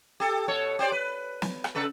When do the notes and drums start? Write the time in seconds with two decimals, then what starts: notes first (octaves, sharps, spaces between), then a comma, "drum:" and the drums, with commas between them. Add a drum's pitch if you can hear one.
0.20 G4 A4
0.48 B2 A4 C#5
0.79 G4 C5 D5
0.92 B4
1.42 drum: snare
1.64 drum: rim click
1.75 C#3 A4 B4